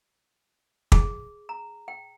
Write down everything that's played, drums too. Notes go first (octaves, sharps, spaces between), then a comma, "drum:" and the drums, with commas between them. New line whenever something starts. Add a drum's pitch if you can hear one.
G#4, drum: kick
A#5
G5